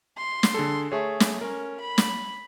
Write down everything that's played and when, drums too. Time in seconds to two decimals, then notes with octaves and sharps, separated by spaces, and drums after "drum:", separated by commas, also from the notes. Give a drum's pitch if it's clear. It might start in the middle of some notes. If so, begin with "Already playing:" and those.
0.17 C6
0.43 drum: snare
0.54 D3 G#4 A4
0.92 A3 G#4 C#5
1.20 drum: snare
1.41 C#4 A#4
1.80 B5
1.98 drum: snare